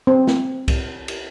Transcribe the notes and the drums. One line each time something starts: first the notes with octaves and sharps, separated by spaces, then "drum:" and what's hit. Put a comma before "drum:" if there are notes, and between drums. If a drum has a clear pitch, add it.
C4
drum: snare
drum: kick C2, cymbal
drum: cymbal